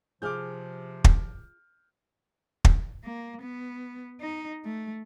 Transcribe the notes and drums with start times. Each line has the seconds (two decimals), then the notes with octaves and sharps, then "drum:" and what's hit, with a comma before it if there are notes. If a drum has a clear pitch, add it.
0.22 C3 F3 F4 G#4 D6 F6 G6
1.04 drum: kick
2.65 drum: kick
3.04 A#3
3.41 B3
4.21 D#4
4.65 A3